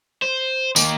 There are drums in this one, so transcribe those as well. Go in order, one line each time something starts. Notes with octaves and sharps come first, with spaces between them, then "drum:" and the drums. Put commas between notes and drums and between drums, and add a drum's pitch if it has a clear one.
C5
D#3 A#3, drum: tambourine